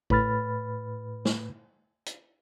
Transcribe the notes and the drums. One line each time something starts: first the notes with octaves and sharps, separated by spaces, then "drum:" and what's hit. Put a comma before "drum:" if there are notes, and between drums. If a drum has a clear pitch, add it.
A2 B4 B5 F6 A6, drum: kick A1
drum: snare
drum: hi-hat